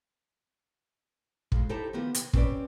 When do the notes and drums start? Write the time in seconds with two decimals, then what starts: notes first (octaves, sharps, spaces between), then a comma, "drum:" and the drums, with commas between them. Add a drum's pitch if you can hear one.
1.52 F2 G#3, drum: kick
1.69 D#4 E4 G4 A4 C5 A5
1.93 D#3 F3 B3 G4
2.15 C3, drum: hi-hat
2.33 C4 C#4 G4 A#4 B4 D5, drum: kick